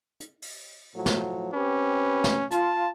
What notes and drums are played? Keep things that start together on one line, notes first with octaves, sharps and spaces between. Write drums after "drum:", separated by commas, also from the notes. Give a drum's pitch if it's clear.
drum: hi-hat
drum: open hi-hat
A2 F3 F#3
drum: snare
C4 C#4 G4 B4
drum: snare
F4 A5, drum: hi-hat